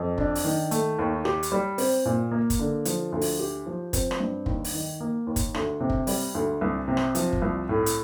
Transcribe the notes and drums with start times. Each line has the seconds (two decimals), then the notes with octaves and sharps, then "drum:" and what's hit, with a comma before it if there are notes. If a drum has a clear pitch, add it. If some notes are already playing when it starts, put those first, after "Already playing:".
Already playing: F2
0.18 D4, drum: kick
0.35 drum: open hi-hat
0.44 D#3
0.71 A3, drum: hi-hat
0.99 D#2
1.25 G4, drum: rim click
1.43 drum: hi-hat
1.52 G3
1.78 C4, drum: open hi-hat
2.05 A#2
2.31 A#3
2.50 drum: kick, hi-hat
2.59 D3
2.85 F3, drum: hi-hat
3.12 D2
3.21 drum: open hi-hat
3.39 G4
3.66 F3
3.93 C4, drum: kick, hi-hat
4.11 drum: rim click
4.20 G2
4.46 D#2, drum: kick
4.64 drum: open hi-hat
4.73 D#3
5.00 A#3
5.27 D#2
5.36 drum: kick, hi-hat
5.54 D2, drum: rim click
5.80 C3
5.90 drum: kick
6.07 G3, drum: open hi-hat
6.35 D2
6.61 C2
6.88 C3
6.97 drum: rim click
7.15 F3, drum: hi-hat
7.33 drum: kick
7.42 C2
7.69 A2
7.86 drum: hi-hat